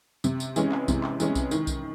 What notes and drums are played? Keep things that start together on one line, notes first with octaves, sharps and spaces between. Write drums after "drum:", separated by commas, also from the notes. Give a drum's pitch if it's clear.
C3, drum: tambourine
drum: tambourine
E3 G#3 C#4, drum: tambourine
drum: clap
C3, drum: kick B1, tambourine
drum: clap
E3 G#3 C#4, drum: tambourine
drum: kick B1, tambourine
D#3, drum: tambourine
drum: kick B1, tambourine